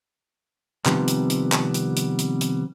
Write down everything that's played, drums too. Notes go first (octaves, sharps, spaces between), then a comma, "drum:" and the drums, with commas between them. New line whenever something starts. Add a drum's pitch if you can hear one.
C3 D#3 F3 G3 B3 C4, drum: clap
drum: hi-hat
drum: hi-hat
drum: clap
drum: hi-hat
drum: hi-hat
drum: hi-hat
drum: hi-hat